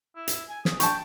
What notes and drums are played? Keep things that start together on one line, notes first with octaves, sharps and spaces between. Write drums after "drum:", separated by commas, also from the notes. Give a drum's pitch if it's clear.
E4
drum: hi-hat
G#5
G#4, drum: snare
G5 A5 C#6, drum: hi-hat